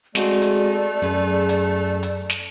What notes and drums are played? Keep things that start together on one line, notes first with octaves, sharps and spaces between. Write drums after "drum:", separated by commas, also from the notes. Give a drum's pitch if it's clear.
G#3 A3 C4 D#4 F#4 G#4 D5, drum: snare
drum: hi-hat
F#2 G#4 B4
drum: hi-hat
drum: hi-hat
drum: snare